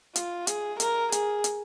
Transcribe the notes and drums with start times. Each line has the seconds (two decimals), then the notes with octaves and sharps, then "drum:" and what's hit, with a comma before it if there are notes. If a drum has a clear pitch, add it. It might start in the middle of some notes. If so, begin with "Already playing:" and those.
0.16 F4, drum: hi-hat
0.47 G#4, drum: hi-hat
0.80 A#4, drum: hi-hat
1.12 G#4, drum: hi-hat
1.44 drum: hi-hat